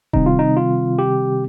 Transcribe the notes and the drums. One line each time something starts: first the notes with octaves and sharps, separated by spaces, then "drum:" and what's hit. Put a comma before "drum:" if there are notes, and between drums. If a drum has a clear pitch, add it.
C3 D#3 G3 C4 D#4, drum: kick D#1
F4
D#4
F4
G4